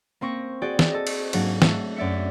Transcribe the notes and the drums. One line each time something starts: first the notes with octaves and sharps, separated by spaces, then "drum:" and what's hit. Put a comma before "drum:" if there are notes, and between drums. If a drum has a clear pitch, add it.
A#3 C4 C#6 A#6
F#4 G#4 D5 G5
drum: snare
A4 D#5
drum: cymbal
G#2 F#3 A#3 D4 F#4, drum: cymbal
A3 F#4, drum: snare
F#2 D5 E5 C#7